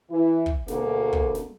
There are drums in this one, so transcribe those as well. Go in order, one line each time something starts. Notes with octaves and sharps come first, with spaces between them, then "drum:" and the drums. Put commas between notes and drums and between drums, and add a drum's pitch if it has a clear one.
E3 E4
drum: kick
D2 B2 A#3 G#4 A4, drum: snare
drum: kick
drum: snare